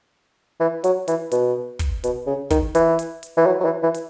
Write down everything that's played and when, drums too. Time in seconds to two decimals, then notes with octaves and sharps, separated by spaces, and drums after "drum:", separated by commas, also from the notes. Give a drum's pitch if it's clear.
0.60 E3
0.84 F#3, drum: hi-hat
1.08 E3, drum: hi-hat
1.32 B2, drum: hi-hat
1.79 drum: kick, hi-hat
2.04 B2, drum: hi-hat
2.27 C#3
2.50 D#3, drum: kick, hi-hat
2.75 E3, drum: hi-hat
2.99 drum: hi-hat
3.23 drum: hi-hat
3.37 E3
3.46 F#3
3.60 F#3
3.64 E3
3.83 E3
3.94 drum: hi-hat